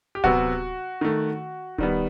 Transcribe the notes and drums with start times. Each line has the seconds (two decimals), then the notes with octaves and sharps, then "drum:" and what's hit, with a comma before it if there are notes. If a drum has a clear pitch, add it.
0.15 G4
0.24 C3 F#3 B3 F#4, drum: kick D1
1.01 D#3 A3
1.78 D#3 G3 B3, drum: kick D1